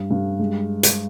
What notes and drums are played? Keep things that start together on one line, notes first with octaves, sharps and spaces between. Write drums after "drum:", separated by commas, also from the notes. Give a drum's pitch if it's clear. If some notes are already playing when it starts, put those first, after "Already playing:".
Already playing: G2
G2
G#3
drum: hi-hat